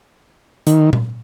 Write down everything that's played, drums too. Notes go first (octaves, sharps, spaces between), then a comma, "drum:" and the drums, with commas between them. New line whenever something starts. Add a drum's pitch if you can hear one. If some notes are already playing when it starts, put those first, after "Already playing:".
D#3, drum: hi-hat
drum: tom A#2